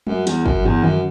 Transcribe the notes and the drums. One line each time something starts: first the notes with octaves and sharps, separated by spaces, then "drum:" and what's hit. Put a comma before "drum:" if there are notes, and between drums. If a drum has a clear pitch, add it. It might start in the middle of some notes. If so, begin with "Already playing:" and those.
F#2, drum: tom G3
E2, drum: hi-hat
F#2, drum: kick
E2, drum: tom
F#2, drum: tom D3